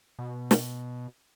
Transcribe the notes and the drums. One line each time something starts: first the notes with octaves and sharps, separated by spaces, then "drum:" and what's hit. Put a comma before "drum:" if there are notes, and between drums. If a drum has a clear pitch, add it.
B2
drum: snare